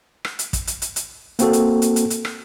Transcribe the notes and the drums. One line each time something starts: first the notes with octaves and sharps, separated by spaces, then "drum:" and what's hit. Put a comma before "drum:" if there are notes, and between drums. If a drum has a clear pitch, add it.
drum: rim click
drum: hi-hat
drum: kick, hi-hat
drum: hi-hat
drum: hi-hat
drum: hi-hat
A#3 C4 F#4 A4, drum: hi-hat
drum: hi-hat
drum: hi-hat
drum: hi-hat
drum: hi-hat
drum: rim click